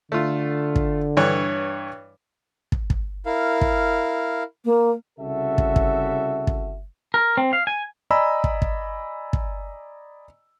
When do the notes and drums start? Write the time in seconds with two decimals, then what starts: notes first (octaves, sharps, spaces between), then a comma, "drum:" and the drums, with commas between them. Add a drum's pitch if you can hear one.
0.12 D3 A3 F4
0.76 drum: kick
1.17 G2 E3 C#5
2.72 drum: kick
2.90 drum: kick
3.26 E4 A#4 F5
3.61 drum: kick
4.65 A#3
5.18 C2 C#3 F#4 A4 E5
5.58 drum: kick
5.76 drum: kick
6.47 drum: kick
7.14 A#4
7.37 C4
7.53 F5
7.67 G#5
8.10 D5 D#5 G#5 A#5 B5 E6
8.44 drum: kick
8.62 drum: kick
9.33 drum: kick